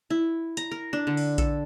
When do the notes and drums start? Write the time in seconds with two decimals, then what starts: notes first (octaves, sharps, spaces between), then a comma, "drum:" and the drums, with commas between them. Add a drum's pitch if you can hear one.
0.10 E4
0.57 A#5, drum: hi-hat
0.71 A#4
0.93 D4
1.07 D3
1.17 drum: open hi-hat
1.38 A4, drum: kick A#1, hi-hat